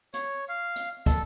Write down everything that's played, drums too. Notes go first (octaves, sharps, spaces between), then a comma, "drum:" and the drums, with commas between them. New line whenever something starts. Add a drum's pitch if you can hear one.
C#5, drum: hi-hat
F5
drum: hi-hat
A4, drum: kick, hi-hat